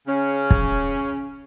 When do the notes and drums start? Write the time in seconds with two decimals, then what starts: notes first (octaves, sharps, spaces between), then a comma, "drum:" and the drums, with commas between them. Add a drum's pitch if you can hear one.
0.07 C#3 C#4
0.51 drum: kick